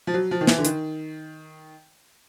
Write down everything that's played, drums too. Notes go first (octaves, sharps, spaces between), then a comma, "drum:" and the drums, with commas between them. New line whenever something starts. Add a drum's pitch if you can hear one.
F3
F#3
F3
D#3
E3, drum: snare
D3
D#3, drum: hi-hat